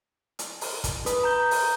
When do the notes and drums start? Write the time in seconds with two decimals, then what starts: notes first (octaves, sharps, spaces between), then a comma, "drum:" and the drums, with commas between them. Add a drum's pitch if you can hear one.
0.39 drum: hi-hat
0.61 drum: open hi-hat
0.84 drum: kick, hi-hat
1.06 B4 D#6, drum: hi-hat
1.24 A#5 G6 G7
1.51 drum: open hi-hat